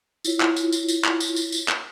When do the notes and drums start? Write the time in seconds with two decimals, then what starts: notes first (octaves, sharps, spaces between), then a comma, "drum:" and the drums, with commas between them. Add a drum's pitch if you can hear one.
0.24 E4 F4 C#5, drum: tambourine
0.40 drum: clap
0.56 drum: tambourine
0.72 drum: tambourine
0.88 drum: tambourine
1.04 drum: clap
1.20 drum: tambourine
1.36 drum: tambourine
1.52 drum: tambourine
1.68 drum: clap